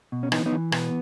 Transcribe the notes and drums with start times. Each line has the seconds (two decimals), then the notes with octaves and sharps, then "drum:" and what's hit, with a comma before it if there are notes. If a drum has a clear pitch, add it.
0.12 B2
0.23 C#4
0.32 E3 B3 D#4, drum: rim click
0.46 B3 D#4
0.52 E3
0.72 B2 B3, drum: rim click